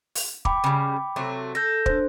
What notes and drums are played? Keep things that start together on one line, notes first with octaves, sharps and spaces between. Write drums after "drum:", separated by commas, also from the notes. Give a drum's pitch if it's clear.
drum: open hi-hat
G5 B5 D6, drum: kick
C#3 G3
C3 F#3 A3
A4 G6 A#6
D4 C5, drum: kick